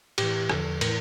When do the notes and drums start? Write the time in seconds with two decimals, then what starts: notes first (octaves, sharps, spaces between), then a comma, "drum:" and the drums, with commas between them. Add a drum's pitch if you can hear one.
0.18 A2 E3 G4, drum: cymbal
0.50 E2 D3 F3 A4, drum: rim click
0.81 A2 E3 A#4, drum: cymbal